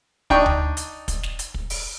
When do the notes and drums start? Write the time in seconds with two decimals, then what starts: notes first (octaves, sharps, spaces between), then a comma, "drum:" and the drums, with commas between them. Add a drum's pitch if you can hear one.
0.30 D4 D#4 G5 C#6, drum: kick
0.46 drum: tom D2
0.77 drum: hi-hat
1.08 drum: kick, hi-hat
1.23 drum: snare
1.39 drum: hi-hat
1.54 drum: kick
1.70 drum: open hi-hat